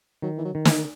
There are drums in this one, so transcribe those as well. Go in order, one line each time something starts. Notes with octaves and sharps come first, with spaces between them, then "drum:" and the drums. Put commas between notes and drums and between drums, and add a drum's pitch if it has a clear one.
D#3 F#3
E3
F#3
D#3
E3, drum: snare